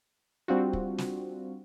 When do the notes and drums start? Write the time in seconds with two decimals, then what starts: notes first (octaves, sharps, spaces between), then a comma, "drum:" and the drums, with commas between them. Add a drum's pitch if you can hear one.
0.48 G3 C4 D4 F4 F#4
0.73 drum: kick
0.98 drum: snare